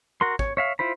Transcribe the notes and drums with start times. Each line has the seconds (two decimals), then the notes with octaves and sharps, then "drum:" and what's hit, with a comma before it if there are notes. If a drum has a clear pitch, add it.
0.21 F#4 A#4 C6
0.39 C#5, drum: kick
0.57 C#5 E5 F5
0.79 E4 F4 C5 B5